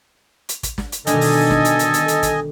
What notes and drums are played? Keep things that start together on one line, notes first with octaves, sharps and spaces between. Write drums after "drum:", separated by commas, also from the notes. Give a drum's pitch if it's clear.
drum: hi-hat
drum: kick, hi-hat
drum: snare
drum: hi-hat
B2 D3 D#3 G3 G4 A4 D#5 G#5, drum: hi-hat
drum: open hi-hat
drum: snare
drum: hi-hat
drum: hi-hat
drum: hi-hat
drum: hi-hat
drum: kick, hi-hat